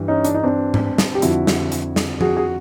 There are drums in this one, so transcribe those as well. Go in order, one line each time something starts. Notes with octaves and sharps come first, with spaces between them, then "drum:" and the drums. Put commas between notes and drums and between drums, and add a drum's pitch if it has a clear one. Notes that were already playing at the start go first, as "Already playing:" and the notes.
Already playing: G2 E3
C#4 D#4
D4, drum: hi-hat
D#4
C4 D4
drum: tom G#2
drum: snare
G4
F2 D3 F3 E4 F#4, drum: hi-hat
drum: snare
drum: hi-hat
drum: snare
F#4 G#4, drum: tom F3
F#4 G#4